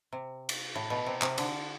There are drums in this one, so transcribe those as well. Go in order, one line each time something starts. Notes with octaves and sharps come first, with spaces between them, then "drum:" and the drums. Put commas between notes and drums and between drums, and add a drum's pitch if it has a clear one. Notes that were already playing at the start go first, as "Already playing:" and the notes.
C3
drum: cymbal
A2
B2
C3
C3, drum: clap
D3, drum: cymbal